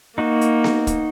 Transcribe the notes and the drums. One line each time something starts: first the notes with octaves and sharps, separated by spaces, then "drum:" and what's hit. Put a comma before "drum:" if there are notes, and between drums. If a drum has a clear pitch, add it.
A#3 D#4 F#4
drum: hi-hat
drum: snare B3
drum: kick, hi-hat